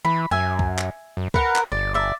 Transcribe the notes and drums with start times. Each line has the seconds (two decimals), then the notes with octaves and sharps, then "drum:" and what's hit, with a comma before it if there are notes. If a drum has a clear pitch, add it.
0.05 E3 B5
0.31 F#2 E5 G#5
0.59 drum: kick
0.79 drum: clap
1.17 F#2
1.34 A#4 B4 F#5, drum: kick
1.56 drum: clap
1.72 G1 D5
1.94 D5 E5